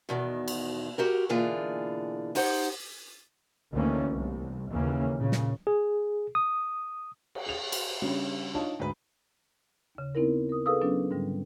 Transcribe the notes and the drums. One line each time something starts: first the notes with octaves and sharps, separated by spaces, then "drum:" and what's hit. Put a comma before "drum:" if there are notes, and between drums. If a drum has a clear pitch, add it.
E2 B2 D#3
drum: cymbal
F#4 G4 A#4
B2 D3 E3 A#3 F4 G#4
D#4 G4 C5 F#5, drum: open hi-hat
D2 D#3 E3 A3 A#3 C#4
C2
D#2 C#3 E3 A#3 C#4
A#2 C#3
drum: snare
G#4
D#6
drum: cymbal
G#4 F7
drum: cymbal
C#3 G3 C#4 D4
D4 D#4 F4 C#5 A5
D2 G#2 B4
D#2 C#3
B3 C4 D#4 E4 A#4
A#4 D#6
G#4 A4 B4 F5 D#6 E6
F#3 B3 C#4 D4
G#2 D3 G3